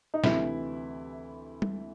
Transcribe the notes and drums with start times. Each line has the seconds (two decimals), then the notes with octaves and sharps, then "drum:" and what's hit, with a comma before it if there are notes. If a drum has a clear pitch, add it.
0.14 D#4
0.24 D2 C3 E3 E4, drum: snare
1.62 drum: tom G3